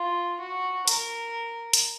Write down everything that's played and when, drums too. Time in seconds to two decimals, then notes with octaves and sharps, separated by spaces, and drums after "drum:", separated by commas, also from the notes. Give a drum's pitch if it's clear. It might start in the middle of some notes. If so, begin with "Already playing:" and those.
Already playing: F4
0.40 F#4
0.88 A#4, drum: hi-hat
1.73 drum: hi-hat